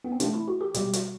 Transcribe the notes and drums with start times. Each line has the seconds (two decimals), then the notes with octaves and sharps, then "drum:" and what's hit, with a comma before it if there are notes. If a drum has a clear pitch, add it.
0.04 B3
0.12 C4
0.20 C3 E3 A3 D4, drum: hi-hat
0.34 E4
0.48 F#4
0.61 G4
0.74 B2 G3 G4, drum: hi-hat
0.93 F#4, drum: hi-hat